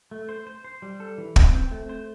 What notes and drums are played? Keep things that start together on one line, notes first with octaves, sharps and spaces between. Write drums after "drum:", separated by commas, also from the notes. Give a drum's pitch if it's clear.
A3
C5
C5
C5
G3
A4
E3
C4, drum: kick
C4
A3
C5